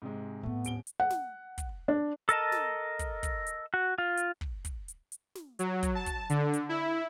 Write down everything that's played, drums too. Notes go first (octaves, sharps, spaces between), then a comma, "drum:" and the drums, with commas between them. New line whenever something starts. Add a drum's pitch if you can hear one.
G#2 C3 G#3
A2 A3 B3 C4
D#1 D7 G7, drum: hi-hat
drum: hi-hat
F#5
drum: snare
drum: kick, hi-hat
D4
A4 A#4 D#5 A5, drum: hi-hat
drum: snare
drum: kick, hi-hat
drum: kick, hi-hat
drum: hi-hat
F#4
F4
drum: hi-hat
drum: kick
drum: kick, hi-hat
drum: hi-hat
drum: hi-hat
drum: snare
F#3, drum: hi-hat
drum: kick, hi-hat
A5
drum: kick, hi-hat
D3, drum: hi-hat
drum: hi-hat
E4